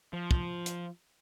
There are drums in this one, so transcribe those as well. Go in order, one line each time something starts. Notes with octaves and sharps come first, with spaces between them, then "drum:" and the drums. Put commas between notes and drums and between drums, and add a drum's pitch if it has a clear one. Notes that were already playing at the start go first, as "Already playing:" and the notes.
F3
drum: kick
drum: hi-hat